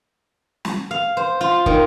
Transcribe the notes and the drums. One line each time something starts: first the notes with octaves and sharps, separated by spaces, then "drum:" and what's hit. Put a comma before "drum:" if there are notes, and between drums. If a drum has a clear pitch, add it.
drum: snare
F5
C5
F4
D#3, drum: kick